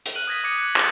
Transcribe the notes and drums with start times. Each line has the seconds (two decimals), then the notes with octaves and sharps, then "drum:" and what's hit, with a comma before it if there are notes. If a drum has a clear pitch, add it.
0.06 drum: hi-hat
0.15 F6 F#6 D#7 F#7
0.27 D#6 G#6 A#6 B6
0.44 D6 D#6 G#6 C#7 F#7
0.58 F#6
0.76 F#6 G6 A6 B6 C#7, drum: clap